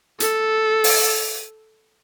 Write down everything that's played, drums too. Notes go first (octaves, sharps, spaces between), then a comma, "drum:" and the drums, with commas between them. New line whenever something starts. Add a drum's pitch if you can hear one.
A4, drum: hi-hat
drum: open hi-hat